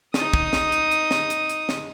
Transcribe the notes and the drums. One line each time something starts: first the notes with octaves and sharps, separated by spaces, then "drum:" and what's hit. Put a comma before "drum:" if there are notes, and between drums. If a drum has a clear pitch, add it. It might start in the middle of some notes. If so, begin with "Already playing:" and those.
D#4 D#6, drum: snare
drum: kick
drum: snare
drum: hi-hat
drum: hi-hat
drum: snare
drum: hi-hat
drum: hi-hat
drum: snare